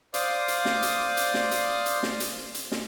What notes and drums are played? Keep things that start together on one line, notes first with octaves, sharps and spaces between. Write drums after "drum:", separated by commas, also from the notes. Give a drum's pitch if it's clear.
C5 D5 F5 C6 D6 D#6, drum: hi-hat
drum: hi-hat
drum: snare
drum: hi-hat
drum: hi-hat
drum: snare
drum: hi-hat
drum: hi-hat
drum: snare
drum: hi-hat
drum: hi-hat
drum: snare